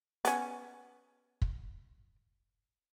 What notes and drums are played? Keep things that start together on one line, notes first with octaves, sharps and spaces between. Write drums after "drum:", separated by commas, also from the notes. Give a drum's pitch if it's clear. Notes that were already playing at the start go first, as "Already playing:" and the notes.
B3 C#4, drum: hi-hat
drum: kick